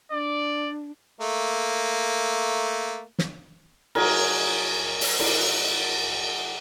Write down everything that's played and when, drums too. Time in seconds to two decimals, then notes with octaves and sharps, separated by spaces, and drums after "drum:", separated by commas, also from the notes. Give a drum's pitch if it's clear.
0.11 D4 D5
1.21 A3 A#3
3.19 drum: snare
3.95 F#3 G#4 A#4, drum: cymbal
5.01 drum: open hi-hat
5.19 drum: cymbal